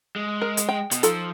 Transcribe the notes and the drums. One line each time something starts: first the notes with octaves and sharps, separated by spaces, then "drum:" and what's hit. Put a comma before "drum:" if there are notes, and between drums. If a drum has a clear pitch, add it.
G#3
A#4
drum: hi-hat
G5
B2, drum: hi-hat
F3 D#4 F4 A4, drum: hi-hat